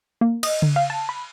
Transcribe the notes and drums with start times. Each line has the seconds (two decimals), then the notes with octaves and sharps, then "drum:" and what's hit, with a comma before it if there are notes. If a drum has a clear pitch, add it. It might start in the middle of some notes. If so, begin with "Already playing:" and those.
0.21 A#3
0.43 D#5, drum: cymbal
0.62 drum: tom C#3
0.76 F5
0.90 A5
1.09 B5